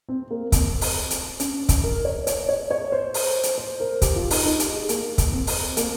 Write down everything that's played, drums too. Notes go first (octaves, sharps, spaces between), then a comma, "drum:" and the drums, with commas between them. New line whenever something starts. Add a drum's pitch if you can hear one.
C4
A#3
C4, drum: kick, hi-hat
drum: open hi-hat
drum: hi-hat
C#4, drum: hi-hat
drum: kick, hi-hat
A#4
C#5
C#5, drum: hi-hat
C#5
C#5
C5
drum: open hi-hat
drum: hi-hat
C5
A#4
G4, drum: kick, hi-hat
F4
D#4, drum: open hi-hat
D#4
G4, drum: hi-hat
G#4
A#3, drum: hi-hat
drum: kick, hi-hat
C4
drum: open hi-hat
A#3, drum: hi-hat